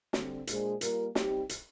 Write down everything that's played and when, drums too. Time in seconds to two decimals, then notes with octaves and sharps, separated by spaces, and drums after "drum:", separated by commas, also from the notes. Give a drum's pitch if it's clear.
0.13 D3 G3 C4, drum: snare
0.47 A#2 G#3 D4 G#4 C5, drum: hi-hat
0.81 G3 A#3 F4 A#4, drum: hi-hat
1.15 G3 C4 D#4 G4, drum: snare
1.49 drum: hi-hat